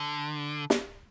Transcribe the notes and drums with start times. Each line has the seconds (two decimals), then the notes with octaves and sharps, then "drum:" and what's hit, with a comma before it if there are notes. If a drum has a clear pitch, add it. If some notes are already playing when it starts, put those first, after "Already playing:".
Already playing: D3
0.70 drum: snare